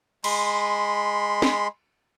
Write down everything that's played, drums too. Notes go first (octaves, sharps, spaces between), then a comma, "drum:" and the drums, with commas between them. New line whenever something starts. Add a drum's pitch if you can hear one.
G#3 B5 C6, drum: cymbal
drum: snare